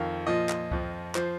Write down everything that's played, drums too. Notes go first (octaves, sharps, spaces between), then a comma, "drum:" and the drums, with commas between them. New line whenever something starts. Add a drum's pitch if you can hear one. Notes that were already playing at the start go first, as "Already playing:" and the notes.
Already playing: F2 D#3 F5
A#2 F3 D#5
drum: clap
F2 F3, drum: kick C#2
F3 C5, drum: clap